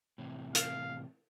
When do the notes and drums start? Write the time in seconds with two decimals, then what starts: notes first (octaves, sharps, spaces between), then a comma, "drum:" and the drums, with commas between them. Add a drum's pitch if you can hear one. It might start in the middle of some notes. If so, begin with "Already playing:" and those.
0.18 A2 C3 E3
0.55 F5, drum: hi-hat